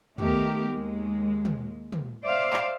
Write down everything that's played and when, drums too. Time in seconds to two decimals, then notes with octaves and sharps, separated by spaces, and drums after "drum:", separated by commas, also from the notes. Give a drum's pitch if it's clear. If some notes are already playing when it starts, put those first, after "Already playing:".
0.18 D#3 A3 B3 G4 A#4, drum: tom
0.71 D#2 G#3
1.45 drum: tom
1.92 drum: tom
2.25 C5 D5 E5 F5
2.53 drum: clap